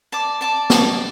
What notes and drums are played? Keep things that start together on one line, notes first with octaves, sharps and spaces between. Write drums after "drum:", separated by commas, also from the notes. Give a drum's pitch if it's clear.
D5 A5 D6
D5 A5 D6
D5 A5 D6, drum: snare